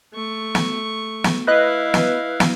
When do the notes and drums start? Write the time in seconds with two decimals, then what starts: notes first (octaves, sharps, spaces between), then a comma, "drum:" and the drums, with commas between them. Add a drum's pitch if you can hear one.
0.14 A3 C#6
0.55 drum: snare
1.24 drum: snare
1.47 E4 B4 D#5 F5 F#6
1.94 drum: snare
2.40 drum: snare